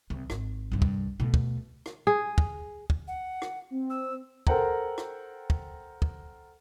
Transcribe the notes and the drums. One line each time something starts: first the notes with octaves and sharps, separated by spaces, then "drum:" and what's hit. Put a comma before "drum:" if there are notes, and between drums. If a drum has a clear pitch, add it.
C2 E3
G#1, drum: rim click
C2 G2
drum: kick
B2 A3
drum: kick
drum: rim click
G#4
drum: kick
drum: kick
F#5
drum: rim click
C4
E6
A4 A#4 C5 F#5 G5 A#5, drum: kick
drum: rim click
drum: kick
drum: kick